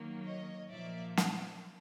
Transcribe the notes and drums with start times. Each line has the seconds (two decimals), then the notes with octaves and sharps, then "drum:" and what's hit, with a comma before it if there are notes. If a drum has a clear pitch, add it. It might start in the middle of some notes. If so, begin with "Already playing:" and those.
Already playing: D#3 F#3 A#3
0.25 C#5 D#5
0.69 A#2 F3 A#3 D5 E5
1.17 drum: snare